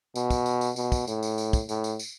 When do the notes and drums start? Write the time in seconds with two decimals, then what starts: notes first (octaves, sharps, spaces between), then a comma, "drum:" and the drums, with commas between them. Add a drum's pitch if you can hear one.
0.16 B2, drum: tambourine
0.30 drum: kick, tambourine
0.46 drum: tambourine
0.61 drum: tambourine
0.76 B2, drum: tambourine
0.92 drum: kick, tambourine
1.07 A2, drum: tambourine
1.23 drum: tambourine
1.38 drum: tambourine
1.53 drum: kick, tambourine
1.69 A2, drum: tambourine
1.84 drum: tambourine
1.99 drum: tambourine